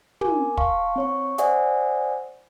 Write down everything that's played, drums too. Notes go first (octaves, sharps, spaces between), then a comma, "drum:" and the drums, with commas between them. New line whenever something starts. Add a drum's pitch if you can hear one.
A#4 G#5 D6, drum: tom
F5 A5 C6 C#6, drum: kick
C4 C#5 C#6
C5 D5 E5 F#5 G#5 D#6, drum: hi-hat